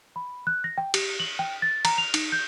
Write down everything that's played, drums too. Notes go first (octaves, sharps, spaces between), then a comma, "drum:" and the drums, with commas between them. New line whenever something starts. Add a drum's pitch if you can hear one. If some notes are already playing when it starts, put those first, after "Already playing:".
B5
F#6
A#6
G5
G4, drum: cymbal
F#7
G5
A6
A#5, drum: cymbal
F7
D#4, drum: cymbal
G6